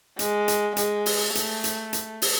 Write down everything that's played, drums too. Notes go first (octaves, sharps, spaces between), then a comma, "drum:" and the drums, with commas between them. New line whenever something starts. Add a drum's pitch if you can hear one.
G#3, drum: hi-hat
drum: hi-hat
G#3, drum: hi-hat
drum: open hi-hat
A3, drum: hi-hat
drum: hi-hat
drum: hi-hat
drum: open hi-hat